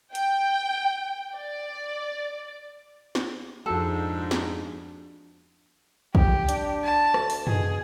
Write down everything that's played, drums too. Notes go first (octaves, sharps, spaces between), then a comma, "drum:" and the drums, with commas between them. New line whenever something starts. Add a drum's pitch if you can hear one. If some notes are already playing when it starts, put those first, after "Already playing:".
G5, drum: hi-hat
D5
drum: snare
F2 G#2 F3 D4 F#4 A4
drum: snare
G4, drum: kick A#1
D4, drum: hi-hat
A5
D2, drum: rim click
drum: open hi-hat
B2 G#4, drum: tom F#2